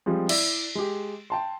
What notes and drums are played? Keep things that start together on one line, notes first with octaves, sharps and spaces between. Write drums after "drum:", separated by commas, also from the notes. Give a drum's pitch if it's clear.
F3 G3 G#3 C4
E4 D5 E6, drum: cymbal
G#3 G4
G5 A5 C6